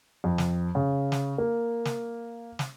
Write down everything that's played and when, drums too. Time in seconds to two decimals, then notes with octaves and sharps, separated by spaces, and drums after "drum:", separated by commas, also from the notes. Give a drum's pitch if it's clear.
0.24 F2
0.38 drum: snare
0.75 C#3
1.12 drum: snare
1.38 A#3
1.85 drum: snare
2.59 drum: snare